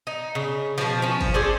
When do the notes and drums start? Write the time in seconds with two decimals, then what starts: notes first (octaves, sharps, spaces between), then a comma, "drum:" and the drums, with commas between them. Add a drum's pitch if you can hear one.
0.07 D#4
0.35 C#3
0.78 B2 F3, drum: open hi-hat
1.02 F3 C#4
1.21 drum: kick G1, open hi-hat
1.34 G#4 A4 C5 D5